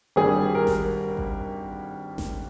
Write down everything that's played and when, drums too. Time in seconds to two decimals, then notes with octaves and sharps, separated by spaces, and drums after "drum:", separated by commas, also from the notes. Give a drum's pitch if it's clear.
0.16 G#1 G2 G3 G#4
0.55 A#4
0.67 drum: snare G#1
1.17 drum: kick A1
2.18 drum: snare G#1